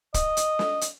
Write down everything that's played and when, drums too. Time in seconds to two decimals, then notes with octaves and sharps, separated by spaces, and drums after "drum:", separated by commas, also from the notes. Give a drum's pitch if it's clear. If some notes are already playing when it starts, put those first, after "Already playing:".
0.14 D#5, drum: kick, hi-hat
0.37 drum: hi-hat
0.59 drum: snare
0.81 drum: hi-hat